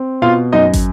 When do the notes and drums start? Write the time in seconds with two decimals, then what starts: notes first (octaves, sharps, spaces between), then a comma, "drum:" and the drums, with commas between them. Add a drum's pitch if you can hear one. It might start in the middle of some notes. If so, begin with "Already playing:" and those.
Already playing: C4
0.22 B2 F4 F5
0.53 F#2 D#4 D#5
0.73 drum: kick, hi-hat